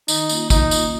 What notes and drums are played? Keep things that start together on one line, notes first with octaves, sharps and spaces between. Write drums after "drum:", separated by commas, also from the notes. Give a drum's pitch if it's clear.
D#3 D#4, drum: tambourine
A#3 C#4 F4, drum: tambourine
D#3 D#4, drum: kick, tambourine
A#3 C#4 F4, drum: tambourine